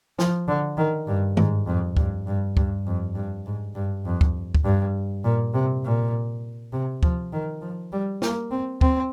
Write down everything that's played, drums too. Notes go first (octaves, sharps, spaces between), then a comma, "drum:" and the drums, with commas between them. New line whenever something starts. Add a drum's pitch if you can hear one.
F3, drum: snare
D3
D#3
G2
G#2, drum: tom D#3
F2
G2, drum: kick D2
G2
G2, drum: kick D2
F2
G2
G#2
G2
F2
drum: kick D2
drum: kick D2
G2
A#2
C3
A#2
C3
F3, drum: kick D2
D#3
F3
G3
A#3, drum: snare
C4
C4, drum: kick D2